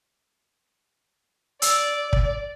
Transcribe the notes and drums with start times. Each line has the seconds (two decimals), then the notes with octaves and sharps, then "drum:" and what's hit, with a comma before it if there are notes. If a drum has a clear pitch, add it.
1.62 D5 E6, drum: hi-hat
2.13 drum: kick